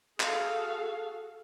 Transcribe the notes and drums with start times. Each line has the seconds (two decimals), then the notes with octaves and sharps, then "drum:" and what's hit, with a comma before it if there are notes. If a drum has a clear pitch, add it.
0.20 F#4 G#4 A4 F5, drum: clap